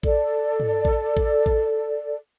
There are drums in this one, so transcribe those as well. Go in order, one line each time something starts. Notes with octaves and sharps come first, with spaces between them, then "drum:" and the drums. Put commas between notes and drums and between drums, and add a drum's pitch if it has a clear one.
A4 D5, drum: kick A1
drum: tom
drum: kick A1
drum: kick A1
drum: kick A1